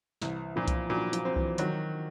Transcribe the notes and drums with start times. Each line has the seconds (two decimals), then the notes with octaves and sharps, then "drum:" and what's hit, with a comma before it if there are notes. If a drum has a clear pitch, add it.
0.22 C2 E3, drum: snare
0.56 A#2 F3
0.68 drum: kick C2, hi-hat
0.90 A#2 F#3
1.13 F3, drum: hi-hat
1.25 C4
1.36 E3, drum: kick C2
1.58 D#3 F#3, drum: hi-hat